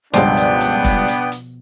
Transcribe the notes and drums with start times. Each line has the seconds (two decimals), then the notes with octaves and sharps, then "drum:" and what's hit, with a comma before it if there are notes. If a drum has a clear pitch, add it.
0.14 C#2 G2 B2 F3 B3 D4 D5 G5, drum: hi-hat
0.37 drum: hi-hat
0.61 drum: hi-hat
0.85 drum: kick, hi-hat
1.08 drum: hi-hat
1.32 drum: hi-hat